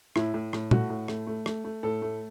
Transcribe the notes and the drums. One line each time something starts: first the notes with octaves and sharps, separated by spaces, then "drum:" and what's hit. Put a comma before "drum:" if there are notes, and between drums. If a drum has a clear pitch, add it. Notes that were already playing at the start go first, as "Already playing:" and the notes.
A2 E4, drum: rim click
A2
A2, drum: rim click
A3 F#4, drum: tom
A2
A3, drum: rim click
A3
A3, drum: rim click
A3
A2 A4
A3